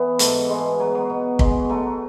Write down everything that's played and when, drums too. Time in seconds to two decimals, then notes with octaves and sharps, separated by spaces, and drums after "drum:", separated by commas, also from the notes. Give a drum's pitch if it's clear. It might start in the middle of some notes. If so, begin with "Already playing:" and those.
Already playing: E3 B3
0.19 G#2 A3, drum: hi-hat
0.49 B2 G#3
0.80 F#3
0.95 F#3
1.10 B2
1.39 F#3 G#3, drum: kick
1.69 F#3 A3